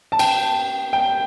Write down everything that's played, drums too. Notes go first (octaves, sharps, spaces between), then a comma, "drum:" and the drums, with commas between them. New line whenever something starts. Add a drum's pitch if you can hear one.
A5
G5, drum: cymbal
G5